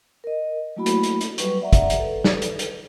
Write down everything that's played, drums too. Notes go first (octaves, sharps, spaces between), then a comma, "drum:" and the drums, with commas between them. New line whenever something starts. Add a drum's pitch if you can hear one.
A#4 D#5
F#3 A3 A#3 E4 F#4 B5
drum: hi-hat
drum: hi-hat
drum: hi-hat
F#3 G3 B4 C#6, drum: hi-hat
D5 E5 F#5 A#5
drum: kick, hi-hat
drum: hi-hat
A4 B4
drum: snare
drum: hi-hat
drum: hi-hat